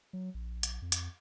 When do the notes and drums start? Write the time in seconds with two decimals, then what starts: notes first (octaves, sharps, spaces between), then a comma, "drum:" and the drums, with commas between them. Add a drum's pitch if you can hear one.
0.13 F#3
0.34 A#1
0.63 drum: hi-hat
0.82 F2
0.92 drum: hi-hat